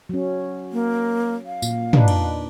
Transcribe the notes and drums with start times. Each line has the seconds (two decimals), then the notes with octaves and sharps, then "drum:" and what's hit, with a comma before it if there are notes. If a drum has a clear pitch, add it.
0.09 F#3 C#4
0.72 A#3
1.46 F5
1.62 A#2, drum: tambourine
1.93 D4 D#4 B4, drum: tom
2.08 drum: cymbal